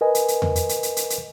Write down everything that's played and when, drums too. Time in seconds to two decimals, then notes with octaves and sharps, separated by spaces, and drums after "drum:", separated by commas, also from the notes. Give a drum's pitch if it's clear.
0.01 A#4 B4 D#5 G#5
0.15 drum: hi-hat
0.28 drum: hi-hat
0.42 drum: tom E2
0.56 drum: hi-hat
0.69 drum: hi-hat
0.83 drum: hi-hat
0.97 drum: hi-hat
1.10 drum: hi-hat